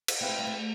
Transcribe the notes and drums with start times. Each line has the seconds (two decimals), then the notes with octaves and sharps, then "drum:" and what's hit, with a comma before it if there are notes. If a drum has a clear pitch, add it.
0.08 drum: cymbal
0.21 B3 C4 E4 B4 F5
0.29 A3
0.39 G3
0.47 A3